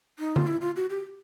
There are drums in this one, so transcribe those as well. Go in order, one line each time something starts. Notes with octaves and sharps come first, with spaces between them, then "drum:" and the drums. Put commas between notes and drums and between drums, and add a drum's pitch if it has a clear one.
D#4
F4, drum: tom D3
E4
F4
F#4
G4